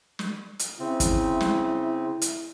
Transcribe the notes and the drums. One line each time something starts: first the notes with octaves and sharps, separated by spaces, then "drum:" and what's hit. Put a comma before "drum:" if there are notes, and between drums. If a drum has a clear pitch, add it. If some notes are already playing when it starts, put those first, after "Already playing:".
drum: snare
drum: hi-hat
C#3 C4 E4
drum: kick, hi-hat
drum: snare
drum: hi-hat